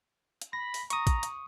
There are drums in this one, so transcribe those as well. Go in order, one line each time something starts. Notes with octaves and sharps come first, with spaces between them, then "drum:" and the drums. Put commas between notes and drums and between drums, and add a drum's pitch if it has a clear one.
drum: hi-hat
B5 A#6
drum: open hi-hat
A#5 C#6 D#6, drum: hi-hat
drum: kick, hi-hat
drum: hi-hat